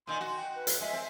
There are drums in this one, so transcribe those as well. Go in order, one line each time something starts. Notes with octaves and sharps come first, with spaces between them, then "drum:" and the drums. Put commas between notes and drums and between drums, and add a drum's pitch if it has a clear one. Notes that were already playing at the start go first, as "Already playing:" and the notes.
A#2 D#3 C6
F#4
G5
B4
drum: hi-hat
G#3 E5
C4